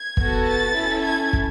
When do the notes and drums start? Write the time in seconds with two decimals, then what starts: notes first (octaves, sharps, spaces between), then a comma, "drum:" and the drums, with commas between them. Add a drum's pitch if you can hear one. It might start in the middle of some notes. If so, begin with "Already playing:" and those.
Already playing: G#6
0.17 B3 F#4 A4, drum: kick
0.46 A6
0.75 C#4 E4 A4
1.04 G#6
1.33 drum: kick